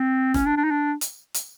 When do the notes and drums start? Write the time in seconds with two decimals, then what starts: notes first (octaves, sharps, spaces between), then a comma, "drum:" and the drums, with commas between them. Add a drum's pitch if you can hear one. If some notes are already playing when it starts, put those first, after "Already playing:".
Already playing: C4
0.34 C#4, drum: snare
0.46 D4
0.57 D4
0.64 D#4
0.71 D4
1.01 drum: hi-hat
1.34 drum: hi-hat